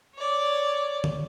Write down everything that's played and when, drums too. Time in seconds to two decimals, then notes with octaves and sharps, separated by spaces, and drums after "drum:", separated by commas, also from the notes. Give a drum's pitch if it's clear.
0.15 C#5 D5
1.04 drum: tom D3